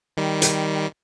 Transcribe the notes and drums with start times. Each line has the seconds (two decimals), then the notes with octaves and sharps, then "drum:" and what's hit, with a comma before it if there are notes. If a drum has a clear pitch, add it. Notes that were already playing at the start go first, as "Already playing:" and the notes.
0.17 D#3 G3
0.42 drum: hi-hat